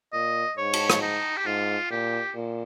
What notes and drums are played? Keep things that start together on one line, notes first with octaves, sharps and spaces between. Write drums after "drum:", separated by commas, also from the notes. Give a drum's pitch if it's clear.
A#2 D#5
G#2 C#5
drum: cymbal
drum: rim click
D#4
G4
G#2 F4
A#2 G4
A#2